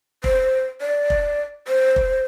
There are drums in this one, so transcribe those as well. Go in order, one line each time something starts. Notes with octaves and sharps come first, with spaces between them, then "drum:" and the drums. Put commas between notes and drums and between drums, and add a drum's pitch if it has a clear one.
C5, drum: kick F1
D5
drum: kick F1
C5
drum: kick F1